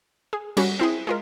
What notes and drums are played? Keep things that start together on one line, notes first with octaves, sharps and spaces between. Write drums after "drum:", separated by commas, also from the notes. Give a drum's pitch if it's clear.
G#4
G3 C#4 F#4, drum: cymbal
C4 E4 G#4
G#3 F4 A#4